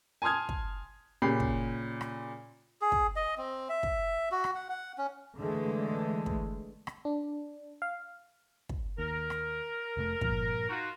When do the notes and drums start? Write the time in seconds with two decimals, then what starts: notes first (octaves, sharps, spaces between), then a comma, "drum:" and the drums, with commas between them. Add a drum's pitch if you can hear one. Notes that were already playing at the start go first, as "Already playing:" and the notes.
0.22 G#5 A5 C6 D#6 F6 G#6
0.49 drum: kick
1.22 A#2 C#3 G4 B5 C7
1.40 drum: kick
2.01 drum: rim click
2.81 G#4
2.92 drum: kick
3.16 D#5
3.38 C4
3.69 E5
3.83 drum: kick
4.32 F#4
4.44 drum: rim click
4.55 F#5
4.69 F#5
4.98 C#4
5.39 D3 E3 G#3 A3
6.26 drum: kick
6.87 drum: rim click
7.05 D4
7.82 F5
8.69 drum: kick
8.98 D#2 A#4
9.30 drum: rim click
9.97 F1 A#2 A3
10.21 G2 A#2 F3, drum: kick
10.69 D#4 F4 F#4